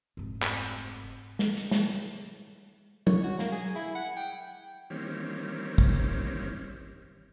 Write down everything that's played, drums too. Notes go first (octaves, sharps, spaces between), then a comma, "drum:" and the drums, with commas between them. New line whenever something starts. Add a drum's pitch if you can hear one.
F1 G#2
drum: clap
drum: snare
drum: hi-hat
drum: snare
C#5, drum: tom F#3
F#4
A#3, drum: snare
G#4
E4
F#5
G5
D#3 E3 G3 A#3 C4 C#4
drum: kick